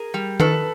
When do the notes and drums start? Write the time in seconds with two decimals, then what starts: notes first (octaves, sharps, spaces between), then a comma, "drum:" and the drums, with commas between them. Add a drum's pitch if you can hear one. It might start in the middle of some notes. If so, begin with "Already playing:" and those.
Already playing: G#4 A#4
0.14 G3
0.40 D#3 A4 B4, drum: tom D#3